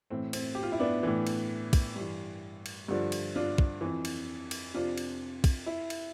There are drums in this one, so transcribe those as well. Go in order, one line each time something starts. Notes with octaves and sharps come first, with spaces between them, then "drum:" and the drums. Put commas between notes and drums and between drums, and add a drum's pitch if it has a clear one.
A2 E3 C4
C4, drum: cymbal
G4
F4
E4
B3 D4
A2 E3
drum: cymbal
drum: kick, cymbal
G2
E3
drum: cymbal
G2 D3 F3
drum: cymbal
D4 F4
drum: kick
F2 E3
drum: cymbal
drum: cymbal
F2 C3 F3 D4 F4
drum: cymbal
drum: kick, cymbal
E4
drum: cymbal